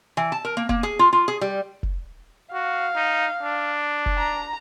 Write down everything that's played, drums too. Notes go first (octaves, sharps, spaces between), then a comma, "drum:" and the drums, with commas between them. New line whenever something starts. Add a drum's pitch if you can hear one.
E3
A5
A#4
A#3
A#3, drum: kick
G#4
F4
F4
G#4
G3
drum: kick
F#4 F5
D#4
D4
drum: kick
A#5